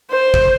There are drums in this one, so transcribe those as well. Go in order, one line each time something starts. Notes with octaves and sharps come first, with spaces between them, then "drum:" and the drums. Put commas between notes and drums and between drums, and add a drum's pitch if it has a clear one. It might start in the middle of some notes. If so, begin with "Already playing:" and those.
C5
drum: kick